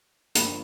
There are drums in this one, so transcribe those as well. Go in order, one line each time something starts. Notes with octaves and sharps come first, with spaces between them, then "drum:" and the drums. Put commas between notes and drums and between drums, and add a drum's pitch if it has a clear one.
G1 G2 F3 A#3, drum: hi-hat